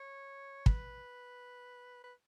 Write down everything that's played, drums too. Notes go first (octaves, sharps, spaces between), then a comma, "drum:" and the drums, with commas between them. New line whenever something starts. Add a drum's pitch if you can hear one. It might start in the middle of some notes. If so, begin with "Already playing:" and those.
Already playing: C#5
B4, drum: kick
B4